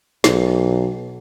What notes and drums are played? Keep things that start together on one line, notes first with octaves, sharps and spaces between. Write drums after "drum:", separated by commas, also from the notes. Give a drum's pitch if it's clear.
B1, drum: snare